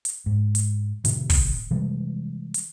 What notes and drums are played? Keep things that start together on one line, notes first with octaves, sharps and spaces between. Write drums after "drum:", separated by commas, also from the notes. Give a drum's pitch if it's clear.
drum: hi-hat
G#2
drum: hi-hat
A2 C3 D#3, drum: hi-hat
drum: kick, open hi-hat
C3 E3 G3 G#3
drum: hi-hat